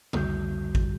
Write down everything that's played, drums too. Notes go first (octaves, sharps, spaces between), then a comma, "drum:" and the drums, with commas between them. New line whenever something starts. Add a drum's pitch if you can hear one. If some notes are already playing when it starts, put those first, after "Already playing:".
C2 F2 D3 G3 F#4 G6, drum: tom C#3
drum: kick A1